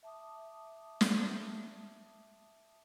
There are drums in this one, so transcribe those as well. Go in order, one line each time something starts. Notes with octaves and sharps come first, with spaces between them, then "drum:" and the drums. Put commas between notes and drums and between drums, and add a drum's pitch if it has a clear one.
E5 A5 D6 D#6
drum: snare